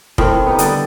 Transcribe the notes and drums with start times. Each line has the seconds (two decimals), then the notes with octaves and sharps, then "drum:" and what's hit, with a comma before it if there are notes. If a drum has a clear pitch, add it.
0.18 A2 D#3 C4, drum: kick F1
0.47 B3 D#4 G4
0.59 D3 G3, drum: hi-hat